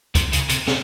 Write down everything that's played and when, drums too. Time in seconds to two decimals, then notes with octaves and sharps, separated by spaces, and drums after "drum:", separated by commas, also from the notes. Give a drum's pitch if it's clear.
0.15 C3, drum: kick C#2, hi-hat
0.33 C#3, drum: hi-hat
0.49 C3, drum: hi-hat
0.67 C3, drum: snare